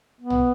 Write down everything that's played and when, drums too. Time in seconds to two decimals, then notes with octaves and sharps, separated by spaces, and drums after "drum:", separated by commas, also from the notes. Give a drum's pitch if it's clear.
0.21 B3
0.30 drum: tom